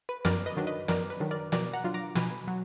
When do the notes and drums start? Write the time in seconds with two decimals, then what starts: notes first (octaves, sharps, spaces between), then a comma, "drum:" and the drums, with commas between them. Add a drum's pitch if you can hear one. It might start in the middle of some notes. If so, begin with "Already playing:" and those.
0.09 B4
0.25 F#2 A#4 D5, drum: snare
0.46 B4 D#5
0.57 D#3 F#3 D4
0.67 B4 D#5
0.88 F#2 A#4 D5, drum: snare
1.10 B4
1.20 D#3 F#3 D4
1.31 A#4 D5
1.52 B2 A#4 D5, drum: snare
1.73 F#5 A#5
1.84 F#3 D4 F4
1.94 A#5 D6
2.15 B2 G#5 B5, drum: snare
2.48 F#3